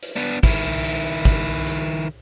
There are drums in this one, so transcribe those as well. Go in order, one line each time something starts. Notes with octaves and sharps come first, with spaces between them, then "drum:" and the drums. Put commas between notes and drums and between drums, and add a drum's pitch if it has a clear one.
drum: hi-hat
B3 D4
D#3 E4, drum: kick, hi-hat
drum: hi-hat
drum: kick, hi-hat
drum: hi-hat